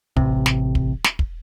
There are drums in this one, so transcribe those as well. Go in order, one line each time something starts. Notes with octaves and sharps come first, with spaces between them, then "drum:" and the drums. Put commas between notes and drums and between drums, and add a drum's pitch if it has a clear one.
A1 C3, drum: kick
drum: snare
drum: kick
drum: snare
drum: kick